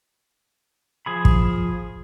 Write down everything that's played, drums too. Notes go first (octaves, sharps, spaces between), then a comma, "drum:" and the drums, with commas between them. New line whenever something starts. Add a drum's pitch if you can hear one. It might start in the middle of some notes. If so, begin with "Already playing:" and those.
F3 G#4 B5
drum: kick